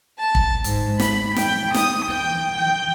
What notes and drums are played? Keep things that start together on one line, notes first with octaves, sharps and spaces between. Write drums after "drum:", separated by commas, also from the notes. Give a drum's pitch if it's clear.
A5
drum: kick
G#2, drum: hi-hat
B5, drum: snare
G5, drum: snare
D#6, drum: snare
G5
G5